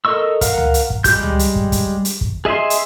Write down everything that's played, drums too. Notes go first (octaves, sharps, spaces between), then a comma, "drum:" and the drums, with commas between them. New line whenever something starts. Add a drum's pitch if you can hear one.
A4 A#4 D#5 C#6 E6
A#4 F5 F#5, drum: kick, hi-hat
drum: tom C#2
drum: hi-hat
drum: kick
G3 G#3 G4 G6, drum: kick, hi-hat
drum: tom C#2
drum: hi-hat
drum: kick
drum: kick, hi-hat
drum: hi-hat
drum: kick
G#4 D#5 E5 G#5 C6
drum: hi-hat